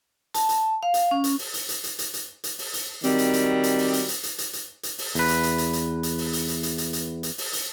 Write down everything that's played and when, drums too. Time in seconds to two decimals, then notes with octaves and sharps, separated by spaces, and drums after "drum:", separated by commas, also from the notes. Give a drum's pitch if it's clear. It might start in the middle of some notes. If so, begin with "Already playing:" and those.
0.34 A5, drum: hi-hat
0.49 drum: hi-hat
0.83 F5
0.94 drum: hi-hat
1.11 C#4
1.24 drum: hi-hat
1.39 drum: open hi-hat
1.54 drum: hi-hat
1.69 drum: hi-hat
1.84 drum: hi-hat
1.99 drum: hi-hat
2.14 drum: hi-hat
2.44 drum: hi-hat
2.59 drum: open hi-hat
2.74 drum: hi-hat
3.04 D#3 F#3 G3 C4, drum: hi-hat
3.19 drum: hi-hat
3.33 drum: hi-hat
3.63 drum: hi-hat
3.78 drum: open hi-hat
3.93 drum: hi-hat
4.08 drum: hi-hat
4.23 drum: hi-hat
4.38 drum: hi-hat
4.53 drum: hi-hat
4.83 drum: hi-hat
4.98 drum: open hi-hat
5.15 E2 B4, drum: hi-hat
5.28 drum: hi-hat
5.43 drum: hi-hat
5.58 drum: hi-hat
5.73 drum: hi-hat
6.03 drum: hi-hat
6.18 drum: open hi-hat
6.33 drum: hi-hat
6.48 drum: hi-hat
6.63 drum: hi-hat
6.78 drum: hi-hat
6.93 drum: hi-hat
7.23 drum: hi-hat
7.38 drum: open hi-hat
7.53 drum: hi-hat